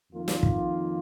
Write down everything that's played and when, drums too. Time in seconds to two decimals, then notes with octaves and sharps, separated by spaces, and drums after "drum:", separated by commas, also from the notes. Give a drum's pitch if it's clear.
0.12 F2 D#3 A#3 F4
0.28 drum: snare
0.43 drum: kick